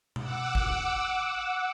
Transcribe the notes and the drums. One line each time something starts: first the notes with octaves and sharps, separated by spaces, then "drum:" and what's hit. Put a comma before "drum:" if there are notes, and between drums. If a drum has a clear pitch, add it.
F#5 D6 E6, drum: tom B2
drum: kick